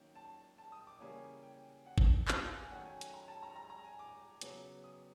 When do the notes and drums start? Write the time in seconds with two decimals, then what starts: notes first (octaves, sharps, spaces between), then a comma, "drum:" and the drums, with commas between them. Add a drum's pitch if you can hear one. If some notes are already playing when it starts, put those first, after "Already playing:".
Already playing: D#3 F#3 A#3 C#4
0.15 A5
0.58 A5
0.72 D#6
0.87 D6
1.00 C#3 E3 G3 A#3 C#4 G#5
1.43 G5
1.86 F#5
1.98 drum: kick
2.28 F5, drum: clap
2.43 F5
2.56 G#5
2.71 D#3 F#3 A3 C#4 F#5
2.86 G#5
3.01 drum: hi-hat
3.14 A#5
3.28 A5
3.43 A#5
3.56 A#5
3.70 A#5
3.85 G#5
3.99 D6
4.41 C#3 F#3 B3, drum: hi-hat
4.84 D#6